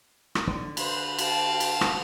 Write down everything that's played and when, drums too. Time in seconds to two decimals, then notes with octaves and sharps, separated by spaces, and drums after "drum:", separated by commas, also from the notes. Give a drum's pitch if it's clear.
0.35 drum: rim click
0.47 D3
0.77 B4 C5, drum: cymbal
1.18 F5 G5 A5, drum: cymbal
1.60 drum: cymbal
1.81 drum: rim click